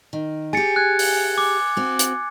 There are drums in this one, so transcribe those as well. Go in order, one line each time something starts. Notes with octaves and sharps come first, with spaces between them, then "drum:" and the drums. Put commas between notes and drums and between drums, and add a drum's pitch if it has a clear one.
D#3
G4 G#4 G#5 A6 C#7
F#6 G#6
drum: open hi-hat
D6
C4 F#4
drum: hi-hat